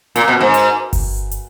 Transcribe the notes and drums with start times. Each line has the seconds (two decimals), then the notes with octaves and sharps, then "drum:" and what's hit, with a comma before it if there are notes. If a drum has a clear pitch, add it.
0.16 A#2, drum: hi-hat
0.28 B2
0.41 G#2
0.54 drum: hi-hat
0.93 drum: kick G1, open hi-hat
1.31 drum: hi-hat